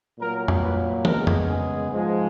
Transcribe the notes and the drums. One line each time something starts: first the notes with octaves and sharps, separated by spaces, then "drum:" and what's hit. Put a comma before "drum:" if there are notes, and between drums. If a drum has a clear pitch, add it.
A#2 F#3 A#3 A#4
drum: tom F2
B4
C#3 G#3 B3 A#4, drum: tom
drum: tom F2
G#4
G#2 F3 G#3